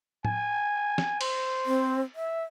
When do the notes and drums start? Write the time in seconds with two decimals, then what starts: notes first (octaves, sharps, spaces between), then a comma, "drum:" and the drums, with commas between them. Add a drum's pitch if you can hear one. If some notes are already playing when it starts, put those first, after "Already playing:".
0.25 G#5, drum: tom A2
0.98 drum: snare
1.21 C5, drum: cymbal
1.66 C4
2.15 E5